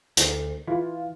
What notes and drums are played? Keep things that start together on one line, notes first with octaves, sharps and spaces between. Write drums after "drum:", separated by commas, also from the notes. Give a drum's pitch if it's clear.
D2, drum: hi-hat
E3 F4